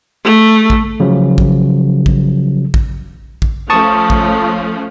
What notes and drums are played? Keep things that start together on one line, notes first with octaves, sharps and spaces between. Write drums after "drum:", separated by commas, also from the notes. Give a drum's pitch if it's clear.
A3
drum: kick
C#3 F3 F#3
drum: kick
drum: kick
drum: kick
drum: kick
F3 A3 C#4 A5 C#6 D#6
drum: kick